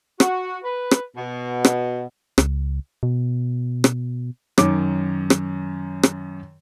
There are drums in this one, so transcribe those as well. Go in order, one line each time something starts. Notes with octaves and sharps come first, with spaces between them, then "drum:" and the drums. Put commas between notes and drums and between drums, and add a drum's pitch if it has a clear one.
F#4, drum: rim click
B4
drum: rim click
B2
drum: rim click
C#2, drum: rim click
B2
drum: rim click
F#2 D#3 C#5 D6, drum: rim click
drum: rim click
drum: rim click